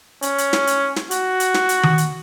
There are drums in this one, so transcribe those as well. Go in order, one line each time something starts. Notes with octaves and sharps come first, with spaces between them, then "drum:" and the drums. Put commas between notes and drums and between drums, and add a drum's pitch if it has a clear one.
C#4, drum: hi-hat
drum: hi-hat
drum: snare
drum: hi-hat
drum: snare
F#4, drum: hi-hat
drum: hi-hat
drum: snare
drum: hi-hat
drum: tom D#3
drum: hi-hat